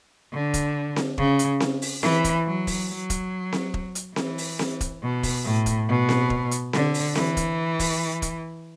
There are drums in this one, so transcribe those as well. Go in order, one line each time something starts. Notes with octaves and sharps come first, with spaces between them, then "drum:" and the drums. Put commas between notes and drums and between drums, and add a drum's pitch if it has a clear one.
D3
drum: kick E1, hi-hat
drum: snare C4
C#3, drum: kick E1
drum: hi-hat
drum: snare C4
drum: open hi-hat
E3, drum: snare C4
drum: kick E1, hi-hat
F#3
drum: kick E1, open hi-hat
F#3
drum: kick E1, hi-hat
drum: snare C4
drum: kick E1
drum: hi-hat
E3, drum: snare C4
drum: open hi-hat
drum: snare C4
drum: kick E1, hi-hat
B2
drum: kick E1, open hi-hat
A2
drum: kick E1, hi-hat
B2
drum: snare C4
drum: kick E1
drum: hi-hat
D3, drum: snare C4
drum: open hi-hat
E3, drum: snare C4
drum: kick E1, hi-hat
drum: kick E1, open hi-hat
drum: kick E1, hi-hat